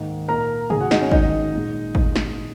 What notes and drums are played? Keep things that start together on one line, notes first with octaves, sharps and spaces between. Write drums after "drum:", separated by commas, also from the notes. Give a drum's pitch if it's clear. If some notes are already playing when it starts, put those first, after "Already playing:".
Already playing: G#2 D#3 A#3
A#2 A#3 A#4 A#5
G#2 D#3 A#3 G#4 G#5, drum: tom
F#4 F#5
D#4 D#5, drum: snare
C#4 C#5
G#2 D#3 G#3 D#4 D#5, drum: kick
A#2 G#3
drum: kick
drum: snare